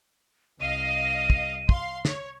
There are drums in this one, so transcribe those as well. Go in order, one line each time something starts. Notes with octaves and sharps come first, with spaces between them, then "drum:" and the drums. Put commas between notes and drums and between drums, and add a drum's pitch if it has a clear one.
C2 D#5 F5 D#7
drum: kick
F5 C6, drum: kick
C#5, drum: snare